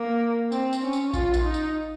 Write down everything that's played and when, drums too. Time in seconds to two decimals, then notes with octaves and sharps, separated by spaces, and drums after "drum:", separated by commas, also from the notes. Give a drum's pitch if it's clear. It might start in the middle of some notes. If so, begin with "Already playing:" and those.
Already playing: A#3
0.52 C4, drum: tambourine
0.73 drum: tambourine
0.83 C#4
0.93 drum: tambourine
1.14 F4, drum: kick A#1, tambourine
1.34 drum: tambourine
1.44 D#4
1.54 drum: tambourine